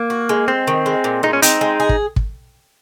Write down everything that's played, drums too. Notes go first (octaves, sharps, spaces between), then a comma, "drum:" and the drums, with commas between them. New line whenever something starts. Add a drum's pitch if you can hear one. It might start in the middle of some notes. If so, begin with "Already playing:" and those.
Already playing: A#3
F#4
G#3
G#3 C4
D#3
G#3
A#2
G#3 D#4
C#4
C4 D#4, drum: hi-hat
G#3
G#4
drum: kick
drum: kick